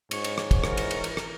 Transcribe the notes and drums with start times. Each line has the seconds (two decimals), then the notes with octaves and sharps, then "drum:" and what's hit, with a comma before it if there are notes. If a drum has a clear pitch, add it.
0.11 G#2 C#5, drum: cymbal
0.24 drum: cymbal
0.38 drum: rim click
0.51 drum: kick, cymbal
0.64 E3 A#4, drum: rim click
0.77 drum: cymbal
0.91 drum: cymbal
1.04 drum: cymbal
1.17 drum: rim click